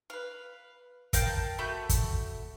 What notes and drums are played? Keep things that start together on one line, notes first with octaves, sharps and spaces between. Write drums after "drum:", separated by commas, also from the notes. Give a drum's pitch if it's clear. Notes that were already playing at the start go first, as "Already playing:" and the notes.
B4 F5
A#4 F5 G5 A5, drum: kick, hi-hat
A3 F#4 B5 G6
drum: kick, hi-hat